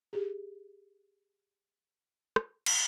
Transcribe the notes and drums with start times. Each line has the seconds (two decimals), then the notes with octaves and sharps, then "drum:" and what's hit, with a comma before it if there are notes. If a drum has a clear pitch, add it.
0.13 G4 G#4
2.36 drum: rim click
2.66 drum: cymbal